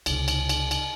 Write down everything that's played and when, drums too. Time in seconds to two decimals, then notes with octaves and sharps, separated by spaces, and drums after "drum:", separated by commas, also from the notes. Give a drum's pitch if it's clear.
0.06 C#2 C3, drum: cymbal
0.28 drum: cymbal
0.49 drum: cymbal
0.71 drum: cymbal